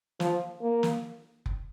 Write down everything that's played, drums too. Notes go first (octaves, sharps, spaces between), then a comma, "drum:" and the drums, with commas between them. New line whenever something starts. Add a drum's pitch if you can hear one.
F3, drum: snare
A#3
drum: snare
drum: kick F1